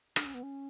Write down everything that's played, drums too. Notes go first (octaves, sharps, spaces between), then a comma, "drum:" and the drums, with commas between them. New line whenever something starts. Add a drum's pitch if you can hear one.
D4, drum: rim click
C#4
B3
C#4